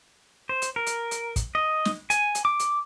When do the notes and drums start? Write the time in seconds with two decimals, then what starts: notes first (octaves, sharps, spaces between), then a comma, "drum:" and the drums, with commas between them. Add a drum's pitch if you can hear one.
0.49 C5
0.62 drum: hi-hat
0.76 A#4
0.86 drum: hi-hat
1.11 drum: hi-hat
1.36 drum: kick, hi-hat
1.55 D#5
1.85 drum: snare
2.10 G#5, drum: hi-hat
2.35 drum: hi-hat
2.45 D6
2.59 drum: hi-hat